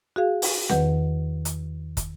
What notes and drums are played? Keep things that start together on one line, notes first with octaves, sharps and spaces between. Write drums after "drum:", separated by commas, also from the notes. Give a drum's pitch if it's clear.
F#4 G#4 F5
drum: open hi-hat
E2 D#3 B4 F#5, drum: snare C4
drum: hi-hat
drum: kick, hi-hat